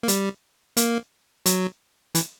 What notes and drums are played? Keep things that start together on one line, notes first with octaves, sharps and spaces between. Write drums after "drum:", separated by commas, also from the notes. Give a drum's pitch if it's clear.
A#3
G3, drum: hi-hat
A#3, drum: hi-hat
F#3, drum: hi-hat
E3, drum: hi-hat